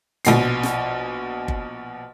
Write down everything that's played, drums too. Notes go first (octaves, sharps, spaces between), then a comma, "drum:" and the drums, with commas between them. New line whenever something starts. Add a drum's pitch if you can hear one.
A#1 B2 C7, drum: hi-hat
drum: snare
drum: kick G1